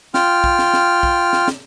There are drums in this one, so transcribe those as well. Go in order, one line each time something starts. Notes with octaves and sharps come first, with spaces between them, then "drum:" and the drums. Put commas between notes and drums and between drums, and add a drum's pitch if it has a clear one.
F4 G5 F6, drum: snare
drum: kick
drum: snare
drum: snare
drum: kick
drum: snare
drum: snare